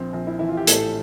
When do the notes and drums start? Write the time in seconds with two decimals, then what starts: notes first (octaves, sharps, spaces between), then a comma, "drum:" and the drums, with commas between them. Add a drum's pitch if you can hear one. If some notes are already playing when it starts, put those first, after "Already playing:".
Already playing: A#1 C4
0.13 A#1
0.27 E4
0.39 E3 E4
0.49 F4
0.57 G4
0.67 A2 A4, drum: hi-hat